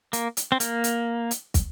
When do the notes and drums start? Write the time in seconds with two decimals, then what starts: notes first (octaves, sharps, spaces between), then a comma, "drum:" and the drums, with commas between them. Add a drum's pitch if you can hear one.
0.13 A#3, drum: hi-hat
0.37 drum: hi-hat
0.52 C4
0.60 A#3, drum: hi-hat
0.84 drum: hi-hat
1.31 drum: hi-hat
1.54 drum: kick, hi-hat